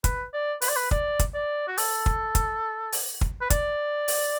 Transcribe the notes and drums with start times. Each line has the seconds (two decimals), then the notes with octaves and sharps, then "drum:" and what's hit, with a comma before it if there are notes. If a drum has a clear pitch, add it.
0.04 B4, drum: kick, hi-hat
0.33 D5
0.62 B4, drum: open hi-hat
0.69 D5
0.76 B4
0.91 D5, drum: kick
1.19 drum: kick, hi-hat
1.34 D5
1.68 F#4
1.77 A4, drum: open hi-hat
2.06 drum: kick
2.35 drum: kick, hi-hat
2.92 drum: open hi-hat
3.21 drum: kick
3.41 B4
3.50 D5, drum: kick, hi-hat
4.08 drum: open hi-hat